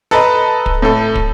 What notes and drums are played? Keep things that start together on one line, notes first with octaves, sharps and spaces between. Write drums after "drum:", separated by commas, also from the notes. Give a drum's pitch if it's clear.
A4 B4 D#5 A5 A#5
drum: kick
A2 A4
drum: kick